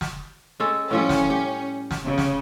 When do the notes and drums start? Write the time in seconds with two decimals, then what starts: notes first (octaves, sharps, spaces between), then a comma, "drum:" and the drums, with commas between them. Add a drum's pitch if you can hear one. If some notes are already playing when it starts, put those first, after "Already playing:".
0.01 drum: snare
0.60 G#3 C#4 A4
0.91 A2 F3 G3 C#4
1.09 drum: snare
1.30 G4
1.91 drum: snare
2.04 C#3
2.18 drum: snare